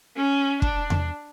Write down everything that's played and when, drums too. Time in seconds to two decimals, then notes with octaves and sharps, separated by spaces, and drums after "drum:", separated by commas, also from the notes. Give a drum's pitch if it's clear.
0.16 C#4
0.62 D4, drum: kick
0.90 drum: tom E2